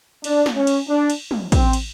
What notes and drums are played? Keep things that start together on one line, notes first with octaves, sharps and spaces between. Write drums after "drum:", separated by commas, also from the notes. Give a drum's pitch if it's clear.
D4, drum: cymbal
drum: snare
C#4
drum: cymbal
D4
drum: cymbal
drum: tom
C4, drum: kick, cymbal
drum: cymbal